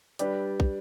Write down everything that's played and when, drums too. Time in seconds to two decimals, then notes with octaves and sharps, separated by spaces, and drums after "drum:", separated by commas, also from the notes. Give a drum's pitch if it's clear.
0.19 G3 D4 G4 B4 D5, drum: hi-hat
0.60 drum: kick